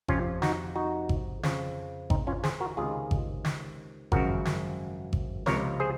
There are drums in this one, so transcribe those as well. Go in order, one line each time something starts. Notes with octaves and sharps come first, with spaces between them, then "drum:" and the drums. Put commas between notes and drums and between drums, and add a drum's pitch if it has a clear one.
F2 C3 F3 C#4 F4, drum: kick G#1
D#4 F#4, drum: snare
D#4 F#4
drum: kick G#1
F2 C#3 F3, drum: snare
C4 D#4, drum: kick G#1
C#4 F4
G#4 C5, drum: snare
F#4 A#4
C#2 C3 D#3 F4 G#4
drum: kick G#1
drum: snare
G#1 F#2 C#3 F3 F#4 A#4, drum: kick G#1
drum: snare
drum: kick G#1
C#2 C3 F3 A#4 C#5, drum: snare
G#4 C5